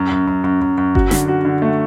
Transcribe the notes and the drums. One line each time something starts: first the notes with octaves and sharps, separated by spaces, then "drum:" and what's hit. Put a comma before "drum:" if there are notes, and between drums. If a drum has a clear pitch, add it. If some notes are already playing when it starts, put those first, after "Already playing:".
Already playing: F#2
F#2
F#2
F#2
F#2
F#2
F#4, drum: kick G1
D3, drum: snare
F#4
D3
A3